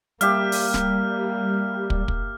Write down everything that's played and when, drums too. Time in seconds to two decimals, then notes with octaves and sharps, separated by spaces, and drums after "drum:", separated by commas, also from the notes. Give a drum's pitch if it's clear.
0.21 G3 A#3 G4 E5 F5 F6, drum: hi-hat
0.52 drum: open hi-hat
0.74 drum: snare D1
1.90 drum: kick
2.08 drum: kick